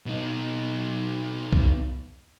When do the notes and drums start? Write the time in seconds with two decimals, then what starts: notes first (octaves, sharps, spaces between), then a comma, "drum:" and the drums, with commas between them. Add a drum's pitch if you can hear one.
0.06 B2 D#4
1.53 drum: kick